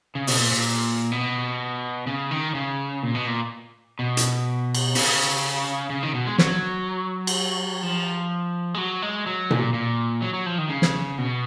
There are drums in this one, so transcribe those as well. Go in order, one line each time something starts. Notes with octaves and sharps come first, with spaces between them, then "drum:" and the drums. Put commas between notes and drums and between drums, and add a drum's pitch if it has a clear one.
C#3
B2, drum: open hi-hat
A#2
A#2
B2
C#3
D#3
C#3
A#2
B2
A#2
B2
drum: hi-hat
drum: cymbal
C#3, drum: open hi-hat
C#3
D#3
B2
G#3
F#3, drum: snare
drum: cymbal
F3
G#3
F#3
G#3
F#3
A#2, drum: tom B2
A#2
F#3
F#3
F3
D#3
C#3
drum: snare
B2